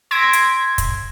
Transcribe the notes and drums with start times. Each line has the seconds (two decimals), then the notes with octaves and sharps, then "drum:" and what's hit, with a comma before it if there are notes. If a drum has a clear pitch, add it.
0.11 C6 E6 G#6 A#6 B6 D7
0.33 drum: hi-hat
0.78 drum: kick, hi-hat